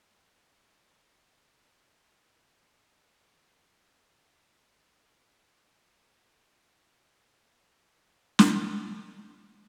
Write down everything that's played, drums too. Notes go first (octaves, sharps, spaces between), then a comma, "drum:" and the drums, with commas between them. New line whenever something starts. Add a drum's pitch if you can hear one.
E2 G2 C3 D#3 G#3
G4
C#5
C#2 F#3 A4 C#5 F#5 G#5
D3 A3 A4 C5
drum: snare